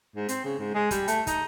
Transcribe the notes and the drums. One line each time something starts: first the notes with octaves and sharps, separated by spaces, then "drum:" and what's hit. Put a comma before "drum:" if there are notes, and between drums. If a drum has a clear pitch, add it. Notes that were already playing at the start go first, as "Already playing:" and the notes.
G#2
C4, drum: hi-hat
C#3
G#2
G#3
G3, drum: kick, hi-hat
A3, drum: hi-hat
D#4, drum: kick, hi-hat